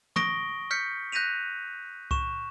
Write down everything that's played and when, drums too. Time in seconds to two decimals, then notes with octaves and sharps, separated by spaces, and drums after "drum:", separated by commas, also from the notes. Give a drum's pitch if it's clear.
0.16 C#6 D#6 A#6 D7 G7, drum: tom
0.71 F6 G6 B6 C#7
1.12 F#6 G6 A#6 B6 D#7 F7
2.11 C#6 E7, drum: kick C2